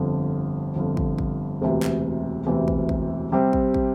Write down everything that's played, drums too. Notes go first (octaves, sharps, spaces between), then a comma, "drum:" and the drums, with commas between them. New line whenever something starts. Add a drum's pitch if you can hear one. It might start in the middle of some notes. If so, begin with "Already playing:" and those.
Already playing: G1 F2 D3
G1 F2 D3
drum: kick
drum: kick
E1 D2 C3 E3
drum: clap
E1 D2 C3 E3
drum: kick
drum: kick
C3 G3 C4 G4
drum: kick
drum: kick